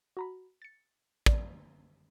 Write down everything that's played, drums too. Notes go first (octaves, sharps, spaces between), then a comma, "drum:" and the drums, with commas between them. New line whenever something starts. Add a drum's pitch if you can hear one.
F#4 A#5 B5
A6 C#7
D5, drum: kick